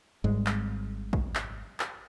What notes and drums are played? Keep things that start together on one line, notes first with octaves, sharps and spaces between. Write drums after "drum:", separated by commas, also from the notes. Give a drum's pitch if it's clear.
G#1 G#2 G3 G#3
drum: clap
drum: kick A#1
drum: clap
drum: clap